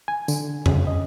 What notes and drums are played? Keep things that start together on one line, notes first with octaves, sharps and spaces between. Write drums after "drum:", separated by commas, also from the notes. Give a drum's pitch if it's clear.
G#5
D3, drum: tambourine
C#3, drum: tom F2
D#5